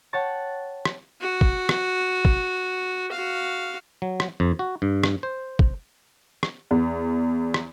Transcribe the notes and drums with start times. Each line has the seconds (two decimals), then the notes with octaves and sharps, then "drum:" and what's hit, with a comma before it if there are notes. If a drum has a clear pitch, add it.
0.13 C#5 F#5 G5 A5 C#6 A6
0.85 drum: rim click
1.21 F#4
1.41 drum: kick
1.69 drum: rim click
2.25 drum: kick
3.12 F#4 F5
4.02 F#3
4.20 drum: rim click
4.40 F2
4.59 F#4
4.82 G2
5.04 drum: rim click
5.23 C5
5.59 drum: kick
6.43 drum: rim click
6.71 E2
7.54 drum: rim click